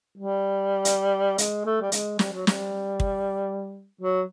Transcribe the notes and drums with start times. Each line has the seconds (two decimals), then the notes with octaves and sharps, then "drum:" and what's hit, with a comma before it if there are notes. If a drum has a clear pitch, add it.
0.18 G3
0.85 drum: hi-hat
1.38 G#3, drum: hi-hat
1.65 A3
1.81 G3
1.92 G#3, drum: hi-hat
2.19 G3, drum: snare
2.33 F#3
2.47 G3, drum: snare
3.00 drum: kick
4.01 F#3